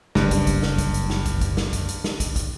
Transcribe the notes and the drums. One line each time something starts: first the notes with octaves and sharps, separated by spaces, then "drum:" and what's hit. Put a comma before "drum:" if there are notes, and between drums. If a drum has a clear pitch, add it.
F#1 G2, drum: snare
drum: kick, hi-hat
drum: kick, hi-hat
drum: snare
drum: kick, hi-hat
drum: hi-hat
drum: snare
drum: kick, hi-hat
drum: kick, hi-hat
drum: snare
drum: kick, hi-hat
drum: hi-hat
drum: snare
drum: kick, hi-hat
drum: kick, hi-hat